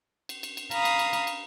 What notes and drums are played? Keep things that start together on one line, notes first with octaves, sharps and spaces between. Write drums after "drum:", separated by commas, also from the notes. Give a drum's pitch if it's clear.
drum: cymbal
drum: cymbal
drum: cymbal
F5 A#5 B5 D#6, drum: cymbal
drum: cymbal
drum: cymbal
drum: cymbal
drum: cymbal